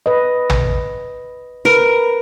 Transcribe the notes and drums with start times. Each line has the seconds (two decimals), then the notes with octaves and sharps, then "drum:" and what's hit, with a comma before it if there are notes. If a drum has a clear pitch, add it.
0.06 B4 D#5
0.50 drum: tom
1.65 A#4 B4